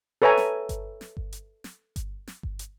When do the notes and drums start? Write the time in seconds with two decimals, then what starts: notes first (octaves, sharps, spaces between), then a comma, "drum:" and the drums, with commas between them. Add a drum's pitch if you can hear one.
0.22 A4 B4 C#5 E5 G#5 A#5
0.37 drum: snare
0.69 drum: kick G1, hi-hat
1.01 drum: snare
1.17 drum: kick G1
1.32 drum: hi-hat
1.64 drum: snare
1.96 drum: kick G1, hi-hat
2.27 drum: snare
2.43 drum: kick G1
2.59 drum: hi-hat